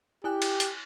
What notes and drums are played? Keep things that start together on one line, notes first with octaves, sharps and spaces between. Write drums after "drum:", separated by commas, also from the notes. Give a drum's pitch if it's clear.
E4 G4 G#5 F#6
drum: cymbal
drum: hi-hat